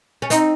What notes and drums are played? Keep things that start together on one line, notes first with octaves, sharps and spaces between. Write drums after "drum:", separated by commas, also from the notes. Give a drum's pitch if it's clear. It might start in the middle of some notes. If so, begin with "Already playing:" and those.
C#4
C4 D#4, drum: hi-hat